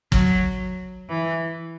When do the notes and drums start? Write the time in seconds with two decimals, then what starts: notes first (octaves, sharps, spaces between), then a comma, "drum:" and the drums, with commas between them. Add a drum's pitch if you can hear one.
0.12 F#3, drum: kick
1.09 E3